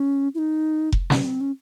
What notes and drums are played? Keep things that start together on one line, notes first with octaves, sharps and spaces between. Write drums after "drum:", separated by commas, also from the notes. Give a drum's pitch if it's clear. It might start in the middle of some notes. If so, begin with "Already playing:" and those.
Already playing: C#4
E4
D#4
drum: kick F1
C#4, drum: snare
C4
C#4